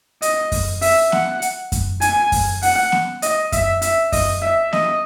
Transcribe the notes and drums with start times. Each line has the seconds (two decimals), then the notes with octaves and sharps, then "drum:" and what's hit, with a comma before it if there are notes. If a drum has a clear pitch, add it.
0.22 D#5, drum: hi-hat
0.52 drum: kick F#2, open hi-hat
0.82 E5, drum: open hi-hat
1.12 F#5, drum: snare B3
1.42 drum: hi-hat
1.72 drum: kick F#2, hi-hat
2.01 G#5, drum: hi-hat
2.32 drum: kick F#2, open hi-hat
2.62 F#5, drum: open hi-hat
2.92 drum: snare B3
3.22 D#5, drum: hi-hat
3.52 E5, drum: kick F#2, hi-hat
3.82 E5, drum: hi-hat
4.12 D#5, drum: kick F#2, open hi-hat
4.42 E5
4.73 D#5, drum: snare B3